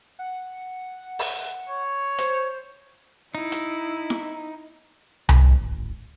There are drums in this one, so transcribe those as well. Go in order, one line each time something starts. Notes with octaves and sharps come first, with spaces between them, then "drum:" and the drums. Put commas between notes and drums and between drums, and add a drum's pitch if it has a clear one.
F#5
drum: open hi-hat
C#5
C5, drum: hi-hat
D#4 E4
drum: hi-hat
drum: snare E4
D1 G#1, drum: tom C2